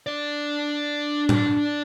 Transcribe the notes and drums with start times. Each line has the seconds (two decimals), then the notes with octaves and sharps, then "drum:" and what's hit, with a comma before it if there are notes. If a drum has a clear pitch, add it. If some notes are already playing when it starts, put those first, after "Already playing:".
0.06 D4 D5
1.29 drum: tom A2